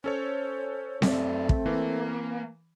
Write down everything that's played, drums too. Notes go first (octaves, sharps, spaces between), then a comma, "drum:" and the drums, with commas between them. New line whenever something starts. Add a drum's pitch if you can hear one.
C#4 A4 C5 C#5
F#2 A3 C4 D5, drum: snare C4
drum: kick
E3 A#3